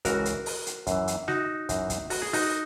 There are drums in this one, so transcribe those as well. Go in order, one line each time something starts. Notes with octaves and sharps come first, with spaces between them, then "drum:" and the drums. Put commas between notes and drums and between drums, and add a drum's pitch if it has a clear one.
C#2 C#3 E3 F#4 A#4, drum: kick, hi-hat
drum: hi-hat
drum: open hi-hat
drum: hi-hat
F#2 E3, drum: kick, hi-hat
drum: hi-hat
D#4 F#4, drum: snare
F#2 E3, drum: kick, hi-hat
drum: kick, hi-hat
F#4, drum: open hi-hat
G#4
D#4 F#4, drum: open hi-hat